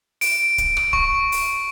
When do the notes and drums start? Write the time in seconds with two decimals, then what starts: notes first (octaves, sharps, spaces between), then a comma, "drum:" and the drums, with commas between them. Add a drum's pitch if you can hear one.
0.21 D7, drum: open hi-hat
0.58 drum: kick C#1, hi-hat
0.77 drum: rim click
0.93 C#6, drum: kick C#1
1.32 drum: open hi-hat